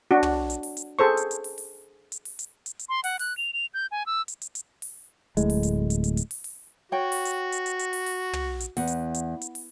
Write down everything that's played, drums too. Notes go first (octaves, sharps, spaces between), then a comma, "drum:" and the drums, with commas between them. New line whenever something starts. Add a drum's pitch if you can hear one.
D4 F#4
drum: tom
drum: hi-hat
drum: open hi-hat
drum: hi-hat
G#4 A4 C5 C#6
drum: hi-hat
drum: hi-hat
drum: open hi-hat
drum: open hi-hat
drum: hi-hat
drum: open hi-hat
drum: hi-hat
drum: hi-hat
drum: hi-hat
C6
F#5, drum: open hi-hat
F#6, drum: open hi-hat
F7
F7
G6
G#5
E6
drum: hi-hat
drum: hi-hat
drum: hi-hat
drum: open hi-hat
D1 A2 G#3, drum: hi-hat
drum: open hi-hat
drum: hi-hat
drum: hi-hat
drum: hi-hat
drum: hi-hat
drum: open hi-hat
drum: open hi-hat
F#4 C#5 G5
drum: open hi-hat
drum: hi-hat
drum: hi-hat
drum: hi-hat
drum: hi-hat
drum: open hi-hat
drum: open hi-hat
drum: tom
drum: hi-hat
E2 F#5, drum: open hi-hat
drum: hi-hat
drum: hi-hat
drum: hi-hat
drum: open hi-hat